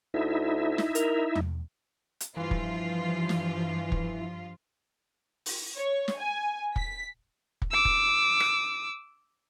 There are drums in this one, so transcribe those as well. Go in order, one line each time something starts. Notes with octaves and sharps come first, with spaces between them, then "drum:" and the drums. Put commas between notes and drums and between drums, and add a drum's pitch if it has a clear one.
D2 D#4 E4 E5
drum: snare
A#4, drum: hi-hat
drum: tom E2
drum: hi-hat
G2 E3 F3 F4
drum: kick
drum: snare
drum: kick
drum: open hi-hat
C#5
drum: snare
G#5
B6, drum: kick
drum: kick
D6 E6
drum: kick
drum: rim click